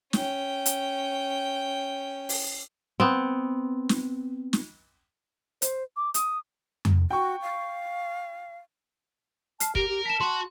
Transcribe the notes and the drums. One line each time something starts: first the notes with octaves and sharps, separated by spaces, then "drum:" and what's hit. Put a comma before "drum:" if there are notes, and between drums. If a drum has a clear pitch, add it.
C#4 G5, drum: snare
drum: hi-hat
drum: open hi-hat
B3 C4
drum: snare
drum: snare
C5, drum: hi-hat
D6
D#6, drum: hi-hat
drum: tom F2
F#4 G5 C#6
F5
A5 F6 C7, drum: hi-hat
G4 A#4 D7, drum: kick
G4
A5 B6 E7
F#4 C6